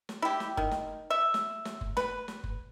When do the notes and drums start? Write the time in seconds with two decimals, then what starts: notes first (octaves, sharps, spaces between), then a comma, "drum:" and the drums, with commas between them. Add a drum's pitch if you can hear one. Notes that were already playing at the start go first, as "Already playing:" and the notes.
0.09 drum: snare
0.22 E4 G4
0.40 drum: snare
0.57 D#3, drum: kick F#1
0.71 drum: snare
1.10 E5
1.34 drum: snare
1.65 drum: snare
1.81 drum: kick F#1
1.97 B4, drum: snare
2.28 drum: snare
2.44 drum: kick F#1